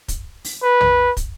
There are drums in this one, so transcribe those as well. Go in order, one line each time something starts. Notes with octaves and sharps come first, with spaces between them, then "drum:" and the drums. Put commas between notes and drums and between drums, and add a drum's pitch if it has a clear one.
drum: kick, hi-hat
drum: open hi-hat
B4
drum: tom
drum: kick, hi-hat